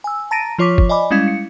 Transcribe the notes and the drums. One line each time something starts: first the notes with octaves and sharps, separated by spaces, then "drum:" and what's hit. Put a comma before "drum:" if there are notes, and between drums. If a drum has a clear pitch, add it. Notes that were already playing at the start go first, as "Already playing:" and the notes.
G#5 E6
A5 A#5 A6 A#6 D7 D#7
F3 F4 C#5 C#6 D6 B6
drum: kick G1
D5 D#5 G#5 B5 D6
G3 G#3 C#4 E4 F5 G#6
C#7